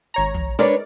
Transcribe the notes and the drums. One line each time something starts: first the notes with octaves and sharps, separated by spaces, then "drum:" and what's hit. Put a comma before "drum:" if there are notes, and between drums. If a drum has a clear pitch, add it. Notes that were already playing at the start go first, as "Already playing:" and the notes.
G#1 C#5 A#5
drum: tom
G#3 D4 A#4 B4 C#5 D5